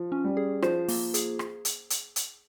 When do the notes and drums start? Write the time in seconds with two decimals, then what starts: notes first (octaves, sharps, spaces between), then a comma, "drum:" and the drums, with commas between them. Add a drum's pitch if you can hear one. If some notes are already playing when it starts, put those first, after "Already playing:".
Already playing: F3
0.12 C#4
0.24 G3
0.37 G#4
0.62 F3 C5, drum: rim click
0.88 A#3, drum: open hi-hat
1.14 G#4, drum: hi-hat
1.39 drum: rim click
1.65 drum: hi-hat
1.90 drum: hi-hat
2.16 drum: hi-hat